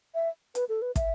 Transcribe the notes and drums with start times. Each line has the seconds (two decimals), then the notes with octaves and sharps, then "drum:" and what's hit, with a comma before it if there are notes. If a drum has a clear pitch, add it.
0.14 E5
0.55 B4, drum: hi-hat
0.69 A4
0.82 B4
0.96 E5, drum: kick, hi-hat